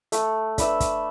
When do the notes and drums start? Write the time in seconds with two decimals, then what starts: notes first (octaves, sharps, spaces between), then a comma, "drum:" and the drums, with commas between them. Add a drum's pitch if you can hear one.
0.12 A3, drum: hi-hat
0.58 D4 B4 E5, drum: kick, hi-hat
0.80 drum: kick, hi-hat